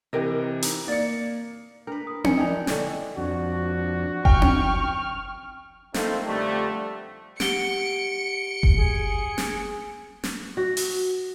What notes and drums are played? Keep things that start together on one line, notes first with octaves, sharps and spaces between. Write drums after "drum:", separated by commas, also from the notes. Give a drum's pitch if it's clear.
C3 E3 G4 A#4 D#5
D#4, drum: hi-hat
A#3 D5 C#7
D4 A#4 B4
D#6
A#4 G#5 C#7, drum: tom C4
E3 D4 D#4 D#5 G5 G#5
D3 C#5, drum: snare
F2 D4 F#4
G5 C#6 F6, drum: kick F#1
drum: tom C4
A3 A#3 C4 D#4 F4 A4, drum: snare
F2 D3 G3 A3
G4 F#5 C#7 D7 G7, drum: snare
drum: kick F#1
G#4
drum: snare
drum: snare
F#4
drum: open hi-hat